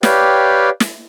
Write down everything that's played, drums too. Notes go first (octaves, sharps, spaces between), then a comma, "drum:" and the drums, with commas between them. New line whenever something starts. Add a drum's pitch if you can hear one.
G4 B4 C#5 D5 F5 G5, drum: snare
drum: snare